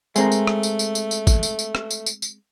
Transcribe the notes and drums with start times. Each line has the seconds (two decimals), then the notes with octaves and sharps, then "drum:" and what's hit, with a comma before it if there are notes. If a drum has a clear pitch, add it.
0.16 G#3 A3 C4 A#4, drum: tambourine
0.32 drum: tambourine
0.47 drum: rim click
0.63 drum: tambourine
0.79 drum: tambourine
0.95 drum: tambourine
1.11 drum: tambourine
1.27 drum: kick, tambourine
1.43 drum: tambourine
1.59 drum: tambourine
1.75 drum: rim click
1.91 drum: tambourine
2.06 drum: tambourine
2.22 drum: tambourine